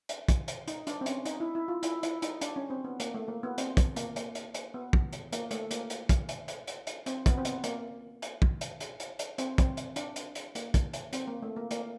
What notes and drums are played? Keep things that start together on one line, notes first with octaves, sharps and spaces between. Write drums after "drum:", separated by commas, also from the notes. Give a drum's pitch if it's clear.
drum: hi-hat
drum: kick, hi-hat
drum: hi-hat
D#4, drum: hi-hat
D4, drum: hi-hat
C4
C#4, drum: hi-hat
D#4, drum: hi-hat
E4
E4
F4
E4, drum: hi-hat
E4, drum: hi-hat
D#4, drum: hi-hat
D4, drum: hi-hat
C#4
C4
B3
A#3, drum: hi-hat
A3
A#3
B3
C4, drum: hi-hat
drum: kick, hi-hat
A#3, drum: hi-hat
A#3, drum: hi-hat
drum: hi-hat
drum: hi-hat
B3
drum: kick
drum: hi-hat
A#3, drum: hi-hat
A3, drum: hi-hat
A#3, drum: hi-hat
drum: hi-hat
drum: kick, hi-hat
drum: hi-hat
drum: hi-hat
drum: hi-hat
drum: hi-hat
C4, drum: hi-hat
B3, drum: kick, hi-hat
C4
B3, drum: hi-hat
A#3, drum: hi-hat
drum: hi-hat
drum: kick
drum: hi-hat
drum: hi-hat
drum: hi-hat
drum: hi-hat
C4, drum: hi-hat
C4, drum: kick, hi-hat
drum: hi-hat
D4, drum: hi-hat
drum: hi-hat
drum: hi-hat
A#3, drum: hi-hat
drum: kick, hi-hat
drum: hi-hat
C4, drum: hi-hat
A#3
A3
A#3
A#3, drum: hi-hat